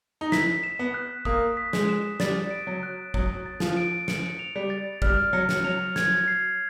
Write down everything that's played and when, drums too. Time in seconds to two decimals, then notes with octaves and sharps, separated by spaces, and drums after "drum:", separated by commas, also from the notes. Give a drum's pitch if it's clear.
0.21 D#4
0.32 E4 B6, drum: snare
0.64 E7
0.79 B3
0.94 F#6
1.25 A#3 D#6, drum: kick
1.57 B6
1.73 G#3, drum: snare
1.89 E7
2.20 G3 A6, drum: snare
2.51 D7
2.67 F#3
2.83 F#6
3.14 F#3 D#6, drum: kick
3.46 A6
3.60 F3, drum: snare
3.77 D7
4.08 C#7, drum: snare
4.39 F7
4.56 G3
4.70 A6
5.02 G3 F6, drum: kick
5.33 F#3 C#7
5.49 drum: snare
5.64 F#3 F7
5.96 G#6, drum: snare
6.28 C7